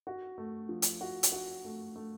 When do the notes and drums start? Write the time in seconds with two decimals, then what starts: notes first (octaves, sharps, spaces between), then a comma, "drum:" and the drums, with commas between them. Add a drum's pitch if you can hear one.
0.07 F#4
0.38 A3
0.69 F3
0.82 drum: hi-hat
1.01 F#4
1.23 drum: hi-hat
1.32 F#4
1.64 A3
1.96 A3